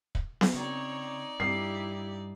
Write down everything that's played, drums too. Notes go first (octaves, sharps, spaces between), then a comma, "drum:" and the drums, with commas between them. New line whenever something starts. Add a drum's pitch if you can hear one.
drum: kick
drum: snare B3
C#3 C4 D#4 C#5 D5
G2 E4 G4 C7